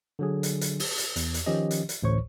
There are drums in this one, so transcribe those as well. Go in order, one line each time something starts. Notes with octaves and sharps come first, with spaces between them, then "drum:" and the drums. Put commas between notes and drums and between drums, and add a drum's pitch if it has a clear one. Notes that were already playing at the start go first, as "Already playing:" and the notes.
D3 F#3 G#4
drum: hi-hat
drum: hi-hat
drum: open hi-hat
drum: hi-hat
E2, drum: hi-hat
drum: hi-hat
D#3 F3 C#4 G4 D#5
drum: hi-hat
drum: hi-hat
A1 D2 A2 C5 C#5 C#6